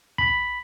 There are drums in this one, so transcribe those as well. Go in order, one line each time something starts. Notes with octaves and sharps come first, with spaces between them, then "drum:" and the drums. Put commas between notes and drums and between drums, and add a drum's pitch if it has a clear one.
B5, drum: kick